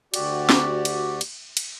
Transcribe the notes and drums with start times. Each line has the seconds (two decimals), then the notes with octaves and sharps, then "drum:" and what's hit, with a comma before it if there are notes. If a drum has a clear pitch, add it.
0.14 D2 F#4 G4 D5, drum: cymbal
0.49 drum: snare
0.85 drum: cymbal
1.21 drum: cymbal
1.57 drum: cymbal